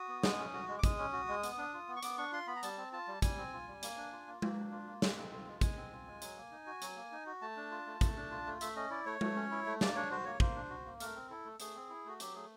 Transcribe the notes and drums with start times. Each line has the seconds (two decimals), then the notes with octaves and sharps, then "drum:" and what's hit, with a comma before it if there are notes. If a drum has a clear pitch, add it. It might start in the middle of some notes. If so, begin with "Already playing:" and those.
Already playing: F#4 D#6
0.08 B3
0.23 G#3, drum: snare
0.38 C#4
0.53 F#4
0.69 G#3
0.79 D6
0.84 G#3 D#6, drum: kick, hi-hat
0.99 C#4
1.13 F#4
1.28 G#3
1.44 B3, drum: hi-hat
1.58 D4
1.74 F4
1.88 B3
1.96 C#6
2.03 B3 D6, drum: hi-hat
2.18 D4 C#6
2.32 F4 C6
2.47 B3 B5
2.56 A#5
2.63 G3 A5, drum: hi-hat
2.78 C4
2.93 F4 A5
3.08 G3
3.22 G3 G#5, drum: kick, hi-hat
3.38 C4
3.53 F4
3.68 G3
3.83 A#3, drum: hi-hat
3.97 D4
4.12 F4
4.27 A#3
4.42 A#3, drum: tom G#3
4.58 D4
4.72 F4
4.87 A#3
5.02 G#3, drum: snare
5.17 C4
5.32 F4
5.47 G#3
5.61 G#3 G#5, drum: kick, hi-hat
5.77 C4
5.92 F4
6.07 G#3
6.22 F#3, drum: hi-hat
6.36 A#3
6.51 D#4
6.67 F#4
6.82 F#3, drum: hi-hat
6.96 A#3
7.12 D#4
7.26 F#4
7.42 A3 A5
7.57 D4
7.71 F4
7.86 A3
8.01 A3, drum: kick, hi-hat
8.17 D4
8.31 F4
8.46 A3
8.61 A3 E5, drum: hi-hat
8.76 C#4 D#5
8.90 E4 D5
9.06 A3 C#5
9.21 A3, drum: tom G#3
9.36 C#4
9.51 E4
9.66 A3
9.81 A#3 D5, drum: snare
9.95 D4 C#5
10.11 F#4 C5
10.25 A#3 C#5
10.40 A#3 C5, drum: kick
10.56 D4
10.70 F#4
10.85 A#3
11.00 A3 A#4, drum: hi-hat
11.15 C4
11.30 E4 A4
11.45 A3
11.60 A3 G#4, drum: hi-hat
11.75 C4
11.90 E4
12.06 A3 F#4
12.20 F#3 G4, drum: hi-hat
12.35 A3 G#4